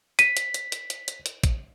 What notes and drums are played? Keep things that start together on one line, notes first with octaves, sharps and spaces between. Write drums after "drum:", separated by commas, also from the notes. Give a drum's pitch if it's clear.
B6 D#7, drum: hi-hat
drum: hi-hat
drum: hi-hat
drum: hi-hat
drum: hi-hat
drum: hi-hat
drum: hi-hat
drum: kick, hi-hat